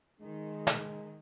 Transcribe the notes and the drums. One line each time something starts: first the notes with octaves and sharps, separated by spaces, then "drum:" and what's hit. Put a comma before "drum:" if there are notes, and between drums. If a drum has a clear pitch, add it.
D#3 G#3
drum: snare